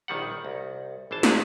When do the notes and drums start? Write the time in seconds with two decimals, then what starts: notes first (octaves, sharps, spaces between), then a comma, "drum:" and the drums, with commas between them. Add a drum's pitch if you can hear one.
0.08 A#1 D#3 G3 F#5
0.45 C2
1.11 G#1 E3 C5 A5
1.23 C2 F#3 G#3 G#4 E5 A5, drum: snare